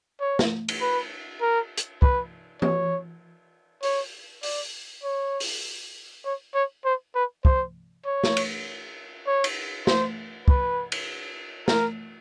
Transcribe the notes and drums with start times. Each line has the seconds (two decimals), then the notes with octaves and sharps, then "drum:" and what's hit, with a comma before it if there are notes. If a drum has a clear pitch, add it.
0.21 C#5
0.39 drum: snare
0.68 drum: cymbal
0.81 B4
1.41 A#4
1.78 drum: hi-hat
2.02 B4, drum: kick
2.62 C#5, drum: tom E3
3.83 C#5, drum: open hi-hat
4.43 D5, drum: open hi-hat
5.04 C#5
5.40 drum: open hi-hat
6.25 C#5
6.55 C#5
6.85 C5
7.15 B4
7.45 C5, drum: kick
8.06 C#5
8.24 drum: snare
8.37 drum: cymbal
9.27 C#5
9.44 drum: cymbal
9.87 C5, drum: snare
10.48 B4, drum: kick
10.92 drum: cymbal
11.68 A#4, drum: snare